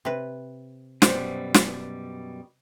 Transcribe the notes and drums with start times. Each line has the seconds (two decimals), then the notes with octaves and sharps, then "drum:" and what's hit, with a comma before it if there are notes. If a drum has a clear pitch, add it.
0.05 C3 B4
1.02 F#2 B2 G3 C5 C#5 C6, drum: snare
1.54 drum: snare